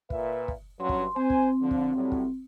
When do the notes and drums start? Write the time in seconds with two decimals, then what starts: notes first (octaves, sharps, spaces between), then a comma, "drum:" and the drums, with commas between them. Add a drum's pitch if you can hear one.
0.10 A#2 B4 E5, drum: kick
0.48 drum: kick
0.80 G2 F#3 C#4 C6
0.89 drum: kick
1.16 C4 C5 G#5
1.30 drum: kick
1.62 D3 F3
1.71 drum: kick
1.95 A2 F#3 G3
2.12 drum: kick